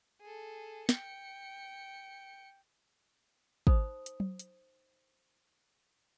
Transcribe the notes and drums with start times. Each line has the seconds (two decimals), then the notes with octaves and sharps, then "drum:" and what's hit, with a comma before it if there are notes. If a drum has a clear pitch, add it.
0.21 G#4 A4
0.89 G5 C#7, drum: snare
3.67 D#4 C5 B5 D#6, drum: kick
4.06 drum: hi-hat
4.20 drum: tom F#3
4.39 drum: hi-hat